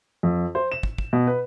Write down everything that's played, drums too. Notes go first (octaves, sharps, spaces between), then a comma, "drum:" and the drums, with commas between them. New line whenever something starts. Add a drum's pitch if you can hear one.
F2
C5
E7
drum: kick
drum: kick
B2
B4